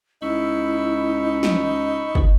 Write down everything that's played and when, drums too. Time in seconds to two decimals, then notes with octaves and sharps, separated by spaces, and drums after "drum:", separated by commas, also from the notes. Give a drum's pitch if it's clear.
0.22 C#2 D#4 E4 B5 C#6 E6
1.43 drum: snare
2.15 drum: kick